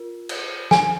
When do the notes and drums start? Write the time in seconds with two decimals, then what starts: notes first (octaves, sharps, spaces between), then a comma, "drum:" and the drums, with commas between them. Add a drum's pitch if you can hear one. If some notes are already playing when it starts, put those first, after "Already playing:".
Already playing: F4 A#4
0.29 drum: cymbal
0.71 G#5, drum: snare